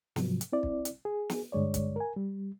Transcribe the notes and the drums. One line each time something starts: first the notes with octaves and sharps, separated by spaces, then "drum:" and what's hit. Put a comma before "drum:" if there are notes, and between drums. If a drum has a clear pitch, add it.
G#2 C3 F3 F#3, drum: snare
drum: hi-hat
C4 E4 D5
drum: kick
drum: hi-hat
G#4
drum: snare
G2 D3 G#3 C#5 D5
drum: kick, hi-hat
A#4 G#5
G3